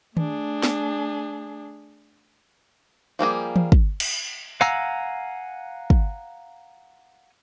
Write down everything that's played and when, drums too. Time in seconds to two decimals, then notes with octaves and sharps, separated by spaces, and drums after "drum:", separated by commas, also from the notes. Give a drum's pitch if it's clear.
0.17 A3 D4 G#4, drum: tom D#3
0.63 drum: snare
3.19 F3 G3 A#3 G#4
3.56 drum: tom E3
3.72 drum: kick
4.00 drum: cymbal
4.61 F5 F#5 G#5 A#5 E6, drum: tambourine
5.90 drum: kick